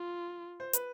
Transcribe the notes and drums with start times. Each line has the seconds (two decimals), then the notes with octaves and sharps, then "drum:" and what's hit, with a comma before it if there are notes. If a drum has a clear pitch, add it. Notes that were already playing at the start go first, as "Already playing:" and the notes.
Already playing: F4
0.60 C5
0.73 B4, drum: hi-hat